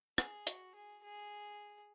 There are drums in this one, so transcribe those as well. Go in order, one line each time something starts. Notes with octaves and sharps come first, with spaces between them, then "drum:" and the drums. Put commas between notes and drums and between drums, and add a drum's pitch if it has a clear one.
G#4, drum: rim click
F#4, drum: hi-hat
G#4
G#4